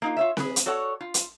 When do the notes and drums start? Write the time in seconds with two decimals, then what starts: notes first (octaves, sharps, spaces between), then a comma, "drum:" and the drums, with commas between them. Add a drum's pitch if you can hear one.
0.02 A#3 D#4 F4
0.17 F4 C#5 E5
0.37 G#4 B4, drum: snare C4
0.56 drum: hi-hat
0.66 F#4 A4 C#5 D5 F#5
1.01 F4
1.14 drum: hi-hat